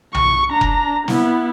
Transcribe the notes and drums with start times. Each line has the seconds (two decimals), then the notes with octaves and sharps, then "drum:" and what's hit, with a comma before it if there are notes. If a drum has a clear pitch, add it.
0.14 C#6, drum: tom B1
0.50 D4 A#5
0.61 drum: kick F1
1.08 B3 E4, drum: snare